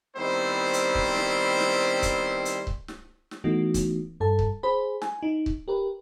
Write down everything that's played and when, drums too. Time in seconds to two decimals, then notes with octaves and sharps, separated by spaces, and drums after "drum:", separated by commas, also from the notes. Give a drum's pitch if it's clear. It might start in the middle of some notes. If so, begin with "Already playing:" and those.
0.16 D#3 G3 B3 C4 E4 C5
0.73 drum: hi-hat
0.95 drum: kick C#1
1.16 drum: snare
1.59 drum: snare
2.02 drum: kick C#1, hi-hat
2.45 drum: hi-hat
2.67 drum: kick C#1
2.88 drum: snare
3.31 drum: snare
3.44 E3 A3 B3 D#4 F#4
3.74 drum: kick C#1, hi-hat
4.20 G2 A4 A5
4.39 drum: kick C#1
4.63 G#4 C5 B5
5.02 G#5, drum: snare
5.23 D#4
5.46 drum: kick C#1
5.68 G4 A#4 B4